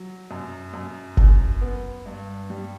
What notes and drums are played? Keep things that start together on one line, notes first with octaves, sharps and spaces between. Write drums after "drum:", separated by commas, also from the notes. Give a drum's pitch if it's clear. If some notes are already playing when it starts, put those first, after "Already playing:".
Already playing: F#3
F#2
F#2
F#2, drum: kick F#1
B3
G2
G3